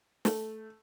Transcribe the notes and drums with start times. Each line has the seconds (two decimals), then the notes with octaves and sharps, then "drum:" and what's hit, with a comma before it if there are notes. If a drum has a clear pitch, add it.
0.25 A3, drum: snare